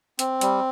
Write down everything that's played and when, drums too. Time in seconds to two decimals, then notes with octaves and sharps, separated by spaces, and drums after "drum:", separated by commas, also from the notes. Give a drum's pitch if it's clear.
0.19 C4, drum: hi-hat
0.41 G3, drum: hi-hat